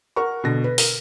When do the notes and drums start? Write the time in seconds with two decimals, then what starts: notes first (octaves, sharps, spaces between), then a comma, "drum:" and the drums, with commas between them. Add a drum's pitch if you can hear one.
0.16 A#4 F#5 C#6
0.44 B2 D3 A#6
0.64 B4
0.78 A#4, drum: open hi-hat